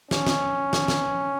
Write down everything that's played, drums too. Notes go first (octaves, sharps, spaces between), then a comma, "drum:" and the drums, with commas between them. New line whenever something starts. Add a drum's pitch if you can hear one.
C#4, drum: snare
drum: snare
drum: snare
drum: snare